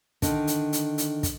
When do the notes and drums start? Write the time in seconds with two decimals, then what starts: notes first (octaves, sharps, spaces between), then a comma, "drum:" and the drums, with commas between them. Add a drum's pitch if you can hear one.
0.22 D3 D#3, drum: kick, hi-hat
0.47 drum: hi-hat
0.73 drum: hi-hat
0.98 drum: hi-hat
1.23 drum: kick, hi-hat